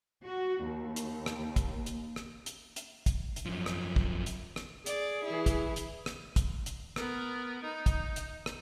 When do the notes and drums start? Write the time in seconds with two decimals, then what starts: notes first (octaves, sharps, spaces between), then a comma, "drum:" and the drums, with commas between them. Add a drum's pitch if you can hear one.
0.24 F#4
0.63 D#2
0.96 drum: hi-hat
1.26 drum: rim click
1.56 drum: kick, hi-hat
1.86 drum: hi-hat
2.16 drum: rim click
2.46 drum: hi-hat
2.76 drum: hi-hat
3.06 drum: kick, hi-hat
3.36 drum: hi-hat
3.46 F#2 F3
3.66 drum: rim click
3.96 drum: kick
4.26 drum: hi-hat
4.56 drum: rim click
4.86 G#4 D5, drum: hi-hat
5.24 E3 E4
5.46 drum: kick, hi-hat
5.76 drum: hi-hat
6.06 drum: rim click
6.36 drum: kick, hi-hat
6.66 drum: hi-hat
6.96 B3 A#4, drum: rim click
7.63 D#4
7.86 drum: kick, hi-hat
8.16 drum: hi-hat
8.46 drum: rim click